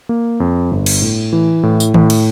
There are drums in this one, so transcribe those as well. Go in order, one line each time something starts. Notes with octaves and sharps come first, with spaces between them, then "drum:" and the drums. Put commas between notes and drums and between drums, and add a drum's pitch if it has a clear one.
A#3
F2
G1
drum: cymbal
A2
E3
A2
drum: tambourine
A2, drum: tom D#3
drum: cymbal